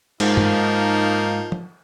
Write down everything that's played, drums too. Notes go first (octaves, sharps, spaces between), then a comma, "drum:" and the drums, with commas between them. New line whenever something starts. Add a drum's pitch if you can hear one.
G#2 F3 A#3 D#4, drum: cymbal
drum: tom G2
drum: tom F3